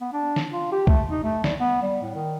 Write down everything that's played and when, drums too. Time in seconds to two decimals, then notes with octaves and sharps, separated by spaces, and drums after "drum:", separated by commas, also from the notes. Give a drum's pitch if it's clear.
0.01 B3
0.13 D4
0.36 drum: snare
0.53 F4
0.72 G4
0.87 A3, drum: kick C2
1.10 D#4
1.23 A3
1.44 G3, drum: snare
1.60 B3
1.82 G3
2.02 A2
2.15 D#3